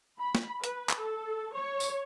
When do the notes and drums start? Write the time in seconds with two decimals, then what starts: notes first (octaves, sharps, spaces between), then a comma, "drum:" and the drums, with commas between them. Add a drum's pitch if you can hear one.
0.19 B5
0.35 drum: snare
0.64 B4, drum: hi-hat
0.89 drum: clap
1.00 A4
1.54 C#5
1.80 drum: tambourine